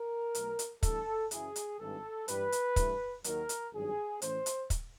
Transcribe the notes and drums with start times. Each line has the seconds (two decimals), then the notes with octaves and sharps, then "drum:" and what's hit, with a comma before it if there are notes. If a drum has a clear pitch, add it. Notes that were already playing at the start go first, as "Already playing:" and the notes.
Already playing: A#4
0.35 B1 B2 F#3 A3, drum: hi-hat
0.59 drum: hi-hat
0.83 G2 E3 A3 D4 A4, drum: kick, hi-hat
1.31 F#2 C#3 E3 G#4, drum: hi-hat
1.56 drum: hi-hat
1.80 G#1 G2 E3 A4
2.28 G2 E3 G3 B4, drum: hi-hat
2.52 drum: hi-hat
2.76 G2 E3 A3 D4, drum: kick, hi-hat
3.24 D#2 D#3 F#3 A#4, drum: hi-hat
3.49 drum: hi-hat
3.73 G#1 G2 D#3 F#3 G#4
4.22 A2 E3 A3 C#4 C5, drum: hi-hat
4.46 drum: hi-hat
4.70 drum: kick, hi-hat